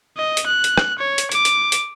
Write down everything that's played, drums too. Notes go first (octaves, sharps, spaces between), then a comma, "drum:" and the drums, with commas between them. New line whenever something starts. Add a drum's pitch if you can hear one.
D#5
drum: hi-hat
F#6
drum: hi-hat
drum: rim click
C#5
drum: hi-hat
D6, drum: hi-hat
drum: hi-hat
drum: hi-hat